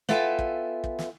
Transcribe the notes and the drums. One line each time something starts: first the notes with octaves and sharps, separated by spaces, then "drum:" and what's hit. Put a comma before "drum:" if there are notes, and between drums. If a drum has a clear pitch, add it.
B3 F4 A4 E5 G5 G#5, drum: snare
drum: kick
drum: kick
drum: snare